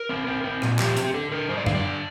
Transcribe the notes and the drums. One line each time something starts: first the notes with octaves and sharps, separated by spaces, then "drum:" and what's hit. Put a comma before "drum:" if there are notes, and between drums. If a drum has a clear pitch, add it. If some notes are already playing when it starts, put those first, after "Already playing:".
Already playing: A#4
C4
C4
C4
A#2, drum: rim click
F3 G4, drum: clap
C4, drum: hi-hat
G4
D3 A4
D3 A#4
G2 C5
D5
D3 F5, drum: tom F#2
D5
G2